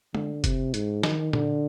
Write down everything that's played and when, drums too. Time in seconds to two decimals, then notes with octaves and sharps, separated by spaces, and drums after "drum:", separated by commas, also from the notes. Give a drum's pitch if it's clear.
0.15 D3, drum: tom
0.44 C3, drum: kick, hi-hat
0.74 G#2, drum: hi-hat
1.03 D#3, drum: snare
1.33 D3, drum: tom A#2